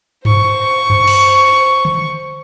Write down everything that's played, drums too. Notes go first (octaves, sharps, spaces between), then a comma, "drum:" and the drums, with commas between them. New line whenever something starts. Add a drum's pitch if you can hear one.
C5 C#6, drum: tom G2
drum: tom F#2
drum: cymbal
drum: tom